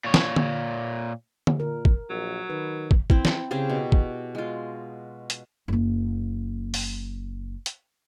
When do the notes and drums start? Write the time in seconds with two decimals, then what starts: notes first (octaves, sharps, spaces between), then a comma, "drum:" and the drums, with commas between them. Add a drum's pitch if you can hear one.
0.04 A#2 C#5
0.14 drum: snare
0.36 drum: tom D3
1.47 drum: tom D3
1.60 A#2 A#4
1.85 drum: kick
2.10 A#1 F#3
2.50 D#3 B4
2.91 drum: kick
3.10 C4 E4, drum: kick
3.25 drum: snare
3.51 C#3 C4 G4 G#4
3.70 B2
3.92 drum: kick
4.35 G#3 F4
5.30 drum: hi-hat
5.68 F#1 A#3
6.74 drum: open hi-hat
7.66 drum: hi-hat